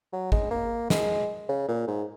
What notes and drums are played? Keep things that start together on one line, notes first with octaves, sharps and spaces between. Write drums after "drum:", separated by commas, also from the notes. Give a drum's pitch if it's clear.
F#3
G#3, drum: kick
A#3
G#3, drum: snare
C#3
A#2
G#2